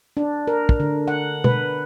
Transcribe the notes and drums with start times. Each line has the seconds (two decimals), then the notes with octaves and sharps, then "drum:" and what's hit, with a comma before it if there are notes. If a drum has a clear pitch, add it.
0.17 D4
0.47 A#4
0.69 drum: kick
0.80 D3
1.08 F#5
1.44 B4, drum: tom B2